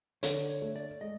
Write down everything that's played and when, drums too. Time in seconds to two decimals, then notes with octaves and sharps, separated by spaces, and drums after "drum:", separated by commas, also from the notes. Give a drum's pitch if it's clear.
0.23 D3 C#5, drum: hi-hat
0.50 C#5
0.62 A3
0.76 D5
1.01 G#3 D#5